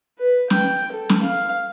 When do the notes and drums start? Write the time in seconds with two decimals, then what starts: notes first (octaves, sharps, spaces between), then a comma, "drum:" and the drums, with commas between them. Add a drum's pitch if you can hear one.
0.18 B4
0.50 G5, drum: snare
0.92 A4
1.09 drum: snare
1.23 F5